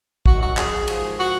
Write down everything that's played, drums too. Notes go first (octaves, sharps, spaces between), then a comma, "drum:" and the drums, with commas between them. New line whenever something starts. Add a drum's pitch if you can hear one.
F#2 D#3 F#4, drum: kick
F#4
G#4, drum: clap
G#2 F3, drum: cymbal
F#4